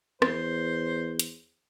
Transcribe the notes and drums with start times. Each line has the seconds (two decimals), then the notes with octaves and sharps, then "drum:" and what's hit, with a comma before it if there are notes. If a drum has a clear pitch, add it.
0.22 E2 C5, drum: rim click
1.19 drum: hi-hat